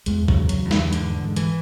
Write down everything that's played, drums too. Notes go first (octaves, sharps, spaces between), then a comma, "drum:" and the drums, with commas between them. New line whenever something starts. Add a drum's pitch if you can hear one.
E2 G#3, drum: hi-hat
F#3, drum: kick
C#3
F#3, drum: hi-hat
E2
D3, drum: snare
G#2 D3, drum: hi-hat
G#2
E3, drum: hi-hat